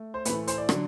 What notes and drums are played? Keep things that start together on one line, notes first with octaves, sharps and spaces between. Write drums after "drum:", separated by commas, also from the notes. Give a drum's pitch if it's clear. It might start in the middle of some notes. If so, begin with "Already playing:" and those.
Already playing: A3
C5
A2 E3 A3 B4, drum: hi-hat
C5, drum: hi-hat
D5
D3 F#3, drum: rim click